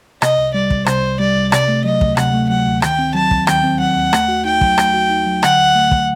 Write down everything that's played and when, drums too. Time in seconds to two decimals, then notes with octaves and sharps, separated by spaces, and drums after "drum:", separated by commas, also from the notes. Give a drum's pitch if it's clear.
0.22 C3 D#5, drum: rim click
0.38 C2
0.54 G3 D5
0.70 C2, drum: kick
0.86 C3 C5, drum: rim click
1.03 C2
1.19 G3 D5
1.36 C2
1.52 C3 D5, drum: rim click
1.68 A3
1.84 F#3 D#5
2.01 D2, drum: kick
2.17 C3 F#5, drum: rim click
2.33 A3
2.49 F#3 F#5
2.66 D2
2.82 D#3 G5, drum: rim click
2.99 C4
3.15 F#3 A5
3.31 D#2, drum: kick
3.47 D#3 G5, drum: rim click
3.63 C4
3.80 F#3 F#5
3.96 D#2
4.13 A3, drum: rim click
4.28 F#4
4.45 D#4 G5
4.61 F#3, drum: kick
4.78 A3, drum: rim click
4.94 F#4
5.10 D#4
5.26 F#3
5.43 D3 F#5, drum: rim click
5.59 D2
5.75 A3
5.91 drum: kick